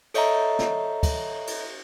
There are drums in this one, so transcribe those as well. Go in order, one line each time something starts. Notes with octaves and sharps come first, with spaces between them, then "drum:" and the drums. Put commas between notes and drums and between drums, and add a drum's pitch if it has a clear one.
A4 C#5 D#5 E5 A#5, drum: cymbal
drum: snare
drum: kick, cymbal
drum: cymbal